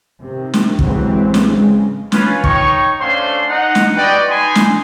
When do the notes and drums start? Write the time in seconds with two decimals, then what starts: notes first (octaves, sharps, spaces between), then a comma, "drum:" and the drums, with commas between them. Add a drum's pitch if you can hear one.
0.23 C3 D#3
0.54 drum: snare
0.79 A1 C3 E3 F#3 G#3 C4, drum: kick
1.34 drum: snare
1.47 C#3 G#3
2.12 C#4 F4 B4, drum: snare
2.44 D#4 C#5 G5 C#6, drum: kick
3.00 A3 C#4 D4 C5 F5 C6
3.48 D#4 F#5
3.75 drum: snare
3.96 F#4 B4 D5 D#5 G5
4.29 D#4 D#5 G#5 B5 C6
4.55 drum: snare